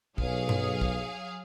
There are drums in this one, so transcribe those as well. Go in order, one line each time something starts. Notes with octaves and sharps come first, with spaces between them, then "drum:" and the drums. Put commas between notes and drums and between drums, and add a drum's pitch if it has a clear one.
B1 F#3 G#4 F5, drum: kick
drum: tom G2
drum: kick